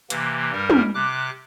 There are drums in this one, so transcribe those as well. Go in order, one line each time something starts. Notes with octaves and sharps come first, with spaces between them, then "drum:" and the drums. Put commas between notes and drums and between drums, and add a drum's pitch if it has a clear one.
C3 E3 A#3, drum: hi-hat
G2 G3 A#4
drum: tom
C3 D6 F#6